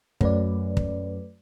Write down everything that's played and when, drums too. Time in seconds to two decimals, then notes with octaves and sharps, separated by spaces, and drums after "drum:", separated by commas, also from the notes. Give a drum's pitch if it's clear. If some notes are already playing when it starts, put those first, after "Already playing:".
0.21 F#2 A3 B4 D5, drum: kick
0.77 drum: kick